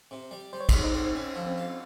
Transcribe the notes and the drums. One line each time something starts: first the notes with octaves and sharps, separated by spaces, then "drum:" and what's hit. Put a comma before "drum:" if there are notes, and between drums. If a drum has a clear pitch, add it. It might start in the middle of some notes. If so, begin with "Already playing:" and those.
C3
G3
G3 C5
C#5
G#2 C5, drum: kick, cymbal
D#4
C4
C4 C#4
F3
C4
F4